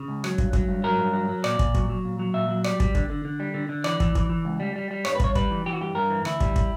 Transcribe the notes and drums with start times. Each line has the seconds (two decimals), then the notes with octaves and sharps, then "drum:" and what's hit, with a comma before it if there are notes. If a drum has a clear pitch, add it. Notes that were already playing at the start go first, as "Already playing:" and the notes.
Already playing: C#3
0.08 C#2
0.24 F#3, drum: rim click
0.38 G2, drum: kick
0.53 F#3, drum: kick
0.69 G2
0.84 F#3 A#4
0.98 G2
1.13 F#3
1.29 F#3
1.44 A#2 D5, drum: rim click
1.59 A#2, drum: kick
1.75 F#3, drum: kick
1.89 F#3
2.05 A#2
2.19 F#3
2.34 A#2 E5
2.49 F#3
2.64 G3 D5, drum: rim click
2.80 G3, drum: kick
2.95 D3, drum: kick
3.10 D3
3.25 D3
3.40 G3
3.54 D3
3.69 D3
3.84 E3 D5, drum: rim click
4.00 E3, drum: kick
4.15 E3, drum: kick
4.30 E3
4.45 C#2
4.60 G3
4.76 G3
4.91 G3
5.05 G2 C#5, drum: rim click
5.15 B4
5.20 G2 C#5, drum: kick
5.35 G3 B4, drum: kick
5.51 E3
5.66 E3 G4
5.73 F#4
5.81 G2 G4
5.95 G2 A#4
6.10 E3
6.25 D2 E4, drum: rim click
6.41 G3, drum: kick
6.56 drum: kick